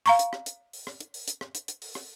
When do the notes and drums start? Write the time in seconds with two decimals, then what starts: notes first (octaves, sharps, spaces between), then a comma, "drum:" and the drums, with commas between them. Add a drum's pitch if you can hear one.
0.06 F5 A#5 C#6, drum: open hi-hat
0.19 drum: hi-hat
0.33 drum: rim click
0.46 drum: hi-hat
0.73 drum: open hi-hat
0.87 drum: rim click
1.00 drum: hi-hat
1.14 drum: open hi-hat
1.28 drum: hi-hat
1.41 drum: rim click
1.55 drum: hi-hat
1.68 drum: hi-hat
1.82 drum: open hi-hat
1.95 drum: rim click